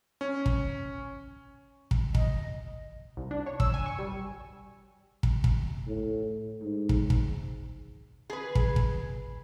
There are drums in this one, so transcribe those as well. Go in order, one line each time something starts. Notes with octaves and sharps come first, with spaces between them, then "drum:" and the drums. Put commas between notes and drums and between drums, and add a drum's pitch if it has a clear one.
C#4
drum: kick
drum: kick
D#5, drum: kick
C2
D4
C#5
E6, drum: kick
G#5
C#6
G3
drum: kick
drum: kick
A2
G#2
drum: kick
drum: kick
G#4 B4
drum: kick
drum: kick